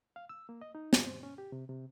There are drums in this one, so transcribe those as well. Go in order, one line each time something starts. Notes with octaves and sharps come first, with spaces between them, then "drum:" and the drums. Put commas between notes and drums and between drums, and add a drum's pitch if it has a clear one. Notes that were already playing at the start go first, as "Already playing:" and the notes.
F5
E6
A#3
D#5
D#4
F4, drum: snare
C5
C#4
G4
C3
C3